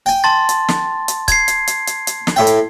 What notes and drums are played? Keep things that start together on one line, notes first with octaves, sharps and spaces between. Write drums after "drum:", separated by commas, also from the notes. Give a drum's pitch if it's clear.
G5 G#5
A5 C6 A6
drum: hi-hat
drum: snare
drum: hi-hat
G#6 C7, drum: kick, hi-hat
drum: hi-hat
drum: hi-hat
drum: hi-hat
drum: hi-hat
drum: snare
A2 E5 G5
drum: hi-hat